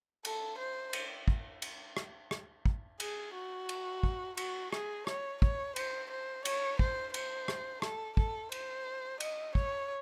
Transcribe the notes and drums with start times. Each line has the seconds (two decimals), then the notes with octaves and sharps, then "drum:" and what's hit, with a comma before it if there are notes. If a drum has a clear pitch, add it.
0.25 A4, drum: cymbal
0.58 C5
0.93 drum: cymbal
1.28 drum: kick
1.62 drum: cymbal
1.97 drum: rim click
2.31 drum: rim click
2.66 drum: kick
3.00 G#4, drum: cymbal
3.34 F#4
3.69 drum: cymbal
4.03 drum: kick
4.37 F#4, drum: cymbal
4.73 G#4, drum: rim click
5.07 C#5, drum: rim click
5.42 C#5, drum: kick
5.76 C5, drum: cymbal
6.10 C5
6.45 C#5, drum: cymbal
6.79 C5, drum: kick
7.14 C5, drum: cymbal
7.48 drum: rim click
7.82 A4, drum: rim click
8.17 A4, drum: kick
8.52 C5, drum: cymbal
9.20 D#5, drum: cymbal
9.55 C#5, drum: kick